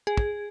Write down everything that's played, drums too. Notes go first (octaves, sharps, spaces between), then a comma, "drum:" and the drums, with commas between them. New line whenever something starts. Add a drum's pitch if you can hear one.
G#4
drum: kick